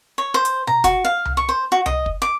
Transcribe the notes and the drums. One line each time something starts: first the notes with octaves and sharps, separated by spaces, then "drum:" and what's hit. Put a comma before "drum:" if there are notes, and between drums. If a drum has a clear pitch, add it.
C#5
C5
drum: hi-hat
A#5, drum: tom B2
F#4, drum: kick, hi-hat
F5
drum: tom C2
C#6
C5
F#4
D#5, drum: tom C2
drum: kick
D6